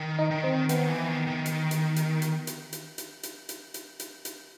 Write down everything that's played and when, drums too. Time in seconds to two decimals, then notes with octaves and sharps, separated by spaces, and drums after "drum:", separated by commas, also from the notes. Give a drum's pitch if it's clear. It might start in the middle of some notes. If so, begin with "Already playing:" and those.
Already playing: D#3
0.19 D#4
0.31 D#3
0.44 C4
0.69 D#3 B3, drum: hi-hat
0.88 E3
1.08 D#3
1.27 D#3
1.46 drum: hi-hat
1.71 drum: hi-hat
1.96 drum: hi-hat
2.22 drum: hi-hat
2.47 drum: hi-hat
2.73 drum: hi-hat
2.98 drum: hi-hat
3.23 drum: hi-hat
3.49 drum: hi-hat
3.74 drum: hi-hat
4.00 drum: hi-hat
4.25 drum: hi-hat